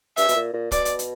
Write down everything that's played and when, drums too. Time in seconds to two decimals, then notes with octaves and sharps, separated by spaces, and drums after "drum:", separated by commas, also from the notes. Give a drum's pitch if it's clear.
0.17 G2 E5, drum: hi-hat
0.28 B2, drum: hi-hat
0.36 A#2
0.54 A#2
0.71 B2 D5, drum: kick, hi-hat
0.85 drum: hi-hat
0.99 drum: hi-hat